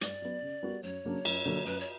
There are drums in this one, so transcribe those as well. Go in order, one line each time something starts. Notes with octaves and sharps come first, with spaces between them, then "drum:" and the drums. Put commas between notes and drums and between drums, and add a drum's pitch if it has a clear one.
G2 D5, drum: hi-hat
F#3 B3
C#3
G3 B3 F#4 A#4
F#2 C#5
C#3 F#3 A#3 D4
F#2, drum: cymbal
D3 F#3 A#3
F#2 B4
C#5